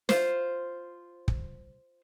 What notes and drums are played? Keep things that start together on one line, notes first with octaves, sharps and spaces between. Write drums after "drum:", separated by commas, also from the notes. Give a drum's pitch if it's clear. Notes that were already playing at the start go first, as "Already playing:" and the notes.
F4 C5, drum: snare
drum: kick